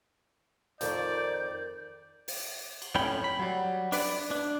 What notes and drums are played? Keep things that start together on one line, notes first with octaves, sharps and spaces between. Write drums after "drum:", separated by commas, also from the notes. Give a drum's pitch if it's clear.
F2 D#3 D5 G6, drum: hi-hat
drum: open hi-hat
drum: cymbal
F2 A2 C#4 G5 B5
B5
F#3 G3
D4 B4 D5, drum: open hi-hat
D4